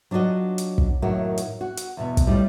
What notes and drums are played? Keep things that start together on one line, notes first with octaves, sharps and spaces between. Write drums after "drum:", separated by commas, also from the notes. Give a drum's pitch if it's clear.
F#3 D4 F4 F#4 D#5
drum: hi-hat
drum: kick
F#2 A2 D#3 A#3 E4 F#4
drum: hi-hat
F#4
drum: hi-hat
E2 B2
drum: kick, hi-hat
A2 G3 D#4 F4 C#5